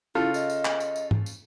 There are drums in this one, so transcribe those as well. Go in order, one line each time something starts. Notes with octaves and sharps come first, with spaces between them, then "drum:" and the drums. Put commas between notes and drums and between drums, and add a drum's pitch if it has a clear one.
C#3 E4 F4 A4
D#5, drum: tambourine
drum: tambourine
drum: clap
drum: tambourine
drum: tambourine
drum: tom G#2
drum: tambourine